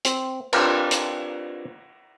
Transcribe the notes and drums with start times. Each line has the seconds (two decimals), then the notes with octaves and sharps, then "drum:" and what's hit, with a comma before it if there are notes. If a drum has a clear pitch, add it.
0.05 C4, drum: hi-hat
0.53 C4 D4 F4 G4 A#4 B4, drum: cymbal
0.91 drum: hi-hat